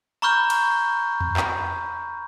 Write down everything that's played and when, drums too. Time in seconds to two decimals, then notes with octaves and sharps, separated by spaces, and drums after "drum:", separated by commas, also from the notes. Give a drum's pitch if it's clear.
0.22 A#5 B5 C#6 D6 F6 G6
0.50 drum: cymbal
1.21 drum: tom E2
1.37 drum: clap